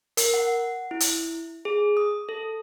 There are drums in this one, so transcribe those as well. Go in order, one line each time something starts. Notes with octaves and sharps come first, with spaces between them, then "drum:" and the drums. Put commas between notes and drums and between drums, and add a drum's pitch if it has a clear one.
A#4, drum: hi-hat
F#5
E4
drum: hi-hat
G#4
D#6
A4